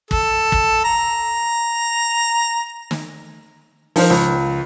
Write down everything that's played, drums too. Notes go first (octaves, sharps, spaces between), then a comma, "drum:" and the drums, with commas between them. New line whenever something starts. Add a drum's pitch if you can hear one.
A4, drum: kick
drum: kick
A#5
drum: snare
F3 D#4 A#4 C5, drum: open hi-hat
C#2